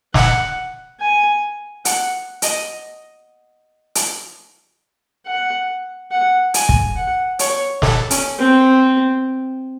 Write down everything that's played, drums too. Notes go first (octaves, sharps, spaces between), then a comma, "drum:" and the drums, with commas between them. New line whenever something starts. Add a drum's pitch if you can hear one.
F#5, drum: snare
G#5
F#5, drum: hi-hat
D#5, drum: hi-hat
drum: hi-hat
F#5
F#5
G#5, drum: hi-hat
drum: kick
F#5
C#5, drum: hi-hat
A4, drum: snare
C#4, drum: hi-hat
C4